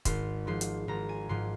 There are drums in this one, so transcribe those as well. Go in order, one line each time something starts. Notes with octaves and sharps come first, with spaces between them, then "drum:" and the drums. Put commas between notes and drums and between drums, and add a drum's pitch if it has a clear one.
G#1 C6, drum: kick C#1, hi-hat
G#2 F3 C6
drum: hi-hat
G#1 A#5
G#5
G#2 F3 C6